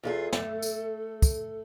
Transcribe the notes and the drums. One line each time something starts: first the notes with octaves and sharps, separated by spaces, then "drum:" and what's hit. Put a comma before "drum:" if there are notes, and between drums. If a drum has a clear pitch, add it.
E2 F4 G#4 A4
A3, drum: snare
drum: tambourine
drum: kick, tambourine